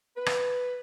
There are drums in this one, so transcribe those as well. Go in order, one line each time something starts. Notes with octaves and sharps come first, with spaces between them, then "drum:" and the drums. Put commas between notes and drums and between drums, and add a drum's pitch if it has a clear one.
B4
drum: rim click